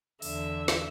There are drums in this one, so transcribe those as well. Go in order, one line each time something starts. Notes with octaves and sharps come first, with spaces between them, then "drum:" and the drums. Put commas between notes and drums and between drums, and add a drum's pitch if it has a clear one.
E2 D3 E5, drum: open hi-hat
drum: snare